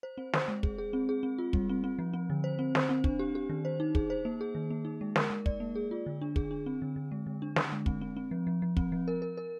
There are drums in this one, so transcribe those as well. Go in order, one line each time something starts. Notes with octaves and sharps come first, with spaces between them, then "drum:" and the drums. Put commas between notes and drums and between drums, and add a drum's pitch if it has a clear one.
C5
C4
C5, drum: snare
G#3
G#4, drum: kick
G#4
C4
G#4
C4
F4
G3, drum: kick
C4
C4
F3
C4
D3
C5
C4
C5, drum: snare
C4
D4, drum: kick
G4
G4
D#3
C5
D#4
G#4, drum: kick
C5
A#3
G#4
D#3
A#3
D#4
G#3
A#4, drum: snare
G#3
D5, drum: kick
A#3
G#4
F4
D3
D4
G#4, drum: kick
D4
C4
D3
D3
G#3
D3
D4
D3, drum: snare
G#3
C4, drum: kick
C4
C4
F3
F3
F3
C4, drum: kick
F3
A#4
A#4
A#4